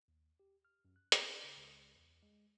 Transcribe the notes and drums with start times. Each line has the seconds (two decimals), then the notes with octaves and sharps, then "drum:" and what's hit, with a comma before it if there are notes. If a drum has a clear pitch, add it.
0.08 D#2
0.40 G4
0.65 F6
0.85 F#2
0.96 F#6
1.12 A#3, drum: hi-hat
1.28 D#4
1.44 C#3
1.57 C#2
1.96 E2
2.23 G#3